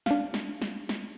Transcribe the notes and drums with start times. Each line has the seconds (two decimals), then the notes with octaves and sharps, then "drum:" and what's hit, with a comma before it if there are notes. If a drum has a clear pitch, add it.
0.06 D4 F5, drum: snare
0.34 drum: snare
0.62 drum: snare
0.89 drum: snare